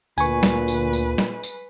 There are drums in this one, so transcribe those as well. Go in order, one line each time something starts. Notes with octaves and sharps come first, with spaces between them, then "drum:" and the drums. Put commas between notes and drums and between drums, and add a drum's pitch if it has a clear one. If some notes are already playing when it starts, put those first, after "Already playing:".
D2 A#2 B4 G#5 C#6, drum: tambourine
drum: snare
drum: tambourine
drum: tambourine
drum: snare
drum: tambourine